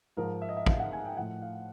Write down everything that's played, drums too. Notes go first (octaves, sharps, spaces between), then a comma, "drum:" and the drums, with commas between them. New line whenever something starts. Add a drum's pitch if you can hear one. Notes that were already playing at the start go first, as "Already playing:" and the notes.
G#2 F3 A#4
E5
D#5
E5
F5, drum: kick
F#5
G#5
G5
A2 F3 F#5
F5